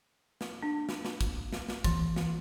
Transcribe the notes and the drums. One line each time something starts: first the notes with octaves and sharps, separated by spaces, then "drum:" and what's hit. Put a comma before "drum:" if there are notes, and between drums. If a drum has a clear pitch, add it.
drum: snare
D4
drum: snare
drum: snare
drum: kick, hi-hat
drum: snare
drum: snare
E3, drum: kick, hi-hat
drum: snare